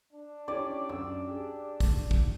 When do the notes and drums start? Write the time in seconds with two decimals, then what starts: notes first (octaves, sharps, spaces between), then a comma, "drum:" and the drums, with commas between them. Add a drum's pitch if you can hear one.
0.13 D4
0.48 C#4 E4 G4 D5
0.89 F#2 E6
1.28 G4 G#4
1.80 drum: kick, open hi-hat
2.11 drum: kick